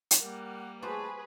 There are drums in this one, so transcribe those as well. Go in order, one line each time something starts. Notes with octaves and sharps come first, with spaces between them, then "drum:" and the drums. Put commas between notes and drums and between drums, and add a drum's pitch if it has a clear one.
drum: hi-hat
G3 A#3 A#4 F#5
E2 A3 F#4 G#4 B4 C5 A5